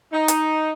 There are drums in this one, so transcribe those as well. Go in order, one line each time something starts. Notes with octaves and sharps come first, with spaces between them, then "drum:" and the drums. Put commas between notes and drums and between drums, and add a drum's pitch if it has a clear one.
D#4
drum: hi-hat